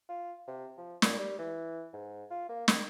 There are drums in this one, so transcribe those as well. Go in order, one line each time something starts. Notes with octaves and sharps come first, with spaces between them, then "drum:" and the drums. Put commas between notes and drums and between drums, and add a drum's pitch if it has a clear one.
F4
C3
F3
A#2, drum: snare
G3
E3
G#2
F4
A#3
D#3, drum: snare